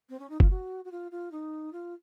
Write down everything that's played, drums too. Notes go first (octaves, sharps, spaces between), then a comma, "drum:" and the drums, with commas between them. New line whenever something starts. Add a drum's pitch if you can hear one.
C4
C#4
D#4
F4, drum: kick F#1
F#4
F#4
F4
F4
D#4
F4